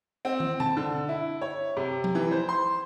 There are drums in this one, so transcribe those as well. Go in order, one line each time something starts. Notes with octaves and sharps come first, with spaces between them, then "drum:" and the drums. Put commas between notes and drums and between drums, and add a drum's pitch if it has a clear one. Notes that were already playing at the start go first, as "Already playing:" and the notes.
C4
drum: tom
A5, drum: tom B2
D3
E4
C#5
C3
drum: tom F3
E3
C5
C6